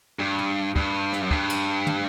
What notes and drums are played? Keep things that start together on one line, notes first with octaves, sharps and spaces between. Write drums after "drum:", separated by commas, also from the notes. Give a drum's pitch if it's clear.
G2
drum: tom
G2, drum: kick
drum: rim click
F#2
G2, drum: kick
drum: cymbal
drum: tom